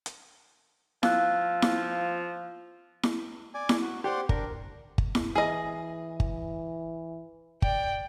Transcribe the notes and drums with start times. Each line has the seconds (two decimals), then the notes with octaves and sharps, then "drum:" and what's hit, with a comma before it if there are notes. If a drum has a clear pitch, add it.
0.06 drum: hi-hat
1.03 F3 F5 E6 F#6, drum: snare E4
1.62 drum: snare E4
3.03 drum: snare E4
3.54 D5 G#5
3.69 drum: snare E4
3.82 F#4
4.04 G4 C5 D5 F#5 C6
4.29 D4 A#4, drum: kick G1
4.98 drum: kick G1
5.15 drum: snare E4
5.35 E3 G#4 D#5
6.20 drum: kick G1
7.62 D5 G5, drum: kick G1